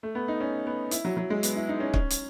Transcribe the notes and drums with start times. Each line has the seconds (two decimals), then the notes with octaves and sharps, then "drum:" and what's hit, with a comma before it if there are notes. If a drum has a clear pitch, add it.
0.03 A3
0.15 B3
0.28 D#4
0.40 C#4
0.67 B3
0.91 E4, drum: hi-hat
1.05 F#3
1.17 F#3
1.30 G#3
1.43 B3, drum: hi-hat
1.56 E4
1.69 D#4
1.80 C#4
1.94 C#4, drum: kick
2.10 drum: hi-hat